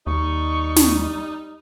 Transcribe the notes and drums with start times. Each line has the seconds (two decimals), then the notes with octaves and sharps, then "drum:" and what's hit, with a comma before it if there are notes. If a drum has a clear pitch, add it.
0.07 D#2 G3 D#4 C#6
0.76 drum: snare